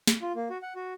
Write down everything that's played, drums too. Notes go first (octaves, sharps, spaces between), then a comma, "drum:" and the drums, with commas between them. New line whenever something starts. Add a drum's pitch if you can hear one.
drum: snare
F4
A#3
F#4
F#5
F#4